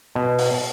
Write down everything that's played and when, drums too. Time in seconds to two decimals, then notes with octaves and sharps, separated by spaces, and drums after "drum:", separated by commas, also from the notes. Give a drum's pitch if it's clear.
0.15 B2
0.39 drum: open hi-hat